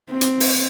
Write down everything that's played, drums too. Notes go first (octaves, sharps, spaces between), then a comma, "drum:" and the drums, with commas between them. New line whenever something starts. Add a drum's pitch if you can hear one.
C4
drum: hi-hat
drum: open hi-hat